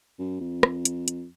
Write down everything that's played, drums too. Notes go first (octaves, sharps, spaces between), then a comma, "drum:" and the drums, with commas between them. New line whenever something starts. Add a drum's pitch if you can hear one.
F#2
F2
drum: rim click
drum: hi-hat
drum: hi-hat